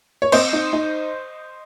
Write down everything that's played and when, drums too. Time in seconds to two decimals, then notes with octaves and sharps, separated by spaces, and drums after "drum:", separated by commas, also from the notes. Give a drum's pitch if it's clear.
0.22 C#5
0.32 C4 C5 D#5, drum: cymbal
0.53 D#4
0.73 D#4